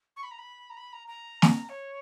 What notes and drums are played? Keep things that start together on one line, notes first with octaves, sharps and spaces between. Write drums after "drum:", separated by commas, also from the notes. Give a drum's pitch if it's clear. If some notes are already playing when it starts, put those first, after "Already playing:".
C#6
B5
A#5
B5
A#5
B5
A#5
A#5
drum: snare
C#5